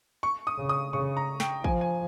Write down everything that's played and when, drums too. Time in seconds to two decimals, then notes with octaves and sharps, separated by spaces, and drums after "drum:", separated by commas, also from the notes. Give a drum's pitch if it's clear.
0.23 C#6
0.47 D#6
0.58 C#3
0.69 D#6
0.93 C#3 C#6
1.17 A#5
1.40 G5, drum: snare
1.64 F3 G#5, drum: kick
1.81 G#5